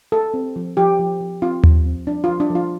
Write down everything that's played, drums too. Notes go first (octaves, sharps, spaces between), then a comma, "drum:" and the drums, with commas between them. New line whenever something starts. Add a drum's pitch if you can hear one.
A3 A4
C4
F3
F3 G4
F3
F3
C4 F4
F3, drum: tom D#2
C4
F3 D4
F4
F3
D4
F3
F4